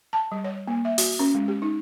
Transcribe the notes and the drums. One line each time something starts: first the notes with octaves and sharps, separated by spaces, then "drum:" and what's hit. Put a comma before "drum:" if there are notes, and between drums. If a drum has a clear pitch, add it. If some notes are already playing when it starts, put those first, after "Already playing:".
A5
G3
C#5
A#3
E5
F#4, drum: open hi-hat
C#4
G#3
G4
D#4